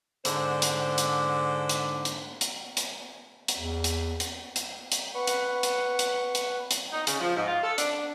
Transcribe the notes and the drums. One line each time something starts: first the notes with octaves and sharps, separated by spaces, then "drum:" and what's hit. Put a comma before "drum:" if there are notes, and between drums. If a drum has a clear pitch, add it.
G#2 D3 C5, drum: hi-hat
drum: hi-hat
drum: hi-hat
drum: hi-hat
drum: hi-hat
drum: hi-hat
drum: hi-hat
drum: hi-hat
E2
drum: hi-hat
drum: hi-hat
drum: hi-hat
drum: hi-hat
B4 F#5 C#6
drum: hi-hat
drum: hi-hat
drum: hi-hat
drum: hi-hat
drum: hi-hat
D#4
C#3, drum: hi-hat
F3
G#2
F4
A4
D4, drum: hi-hat